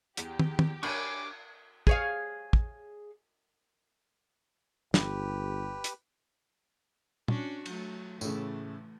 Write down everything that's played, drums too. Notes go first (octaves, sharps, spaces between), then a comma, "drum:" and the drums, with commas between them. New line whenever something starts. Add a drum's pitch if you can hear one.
E2 G4, drum: hi-hat
drum: tom
drum: tom
D4 A#4 C#5 G#5 B5 C#6 D6, drum: cymbal
G#4 C#5 F5, drum: kick
drum: kick
G1 G4 B4, drum: snare
drum: hi-hat
C#4 D4 F#4, drum: tom
F#3 A3, drum: cymbal
A2 C#3 E3 A3, drum: tambourine